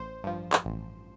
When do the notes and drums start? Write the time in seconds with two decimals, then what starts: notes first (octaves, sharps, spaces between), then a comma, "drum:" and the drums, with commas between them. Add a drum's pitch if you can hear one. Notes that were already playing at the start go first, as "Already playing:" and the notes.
Already playing: A1 C5
0.24 G2 F3
0.53 drum: clap
0.65 A1